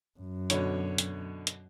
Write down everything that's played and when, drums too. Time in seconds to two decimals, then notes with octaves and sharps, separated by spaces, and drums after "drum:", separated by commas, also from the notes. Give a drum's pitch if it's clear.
0.20 F#2
0.50 B2 D3 C#5, drum: hi-hat
0.98 drum: hi-hat
1.47 drum: hi-hat